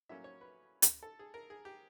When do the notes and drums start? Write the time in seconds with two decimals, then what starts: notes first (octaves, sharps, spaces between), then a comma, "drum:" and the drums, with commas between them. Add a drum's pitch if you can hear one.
0.09 A2 F#3 A#3 C#4 E5
0.24 C#5
0.41 B4
0.82 drum: hi-hat
1.03 A4
1.19 G#4
1.34 A#4
1.50 G#4
1.65 G4